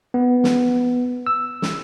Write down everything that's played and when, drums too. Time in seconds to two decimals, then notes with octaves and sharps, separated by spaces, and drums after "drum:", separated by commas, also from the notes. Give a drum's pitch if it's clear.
0.14 B3
0.44 drum: snare
1.27 E6
1.62 drum: snare